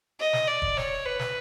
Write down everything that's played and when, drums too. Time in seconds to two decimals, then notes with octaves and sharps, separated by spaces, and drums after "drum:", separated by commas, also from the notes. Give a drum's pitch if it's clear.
0.19 D#5
0.33 drum: snare
0.47 D5
0.62 drum: kick
0.77 C#5, drum: snare
1.05 B4
1.19 drum: snare